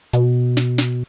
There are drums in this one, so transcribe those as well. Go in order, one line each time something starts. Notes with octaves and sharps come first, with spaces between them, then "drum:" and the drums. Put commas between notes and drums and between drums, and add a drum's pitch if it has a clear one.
B2, drum: hi-hat
drum: snare
drum: snare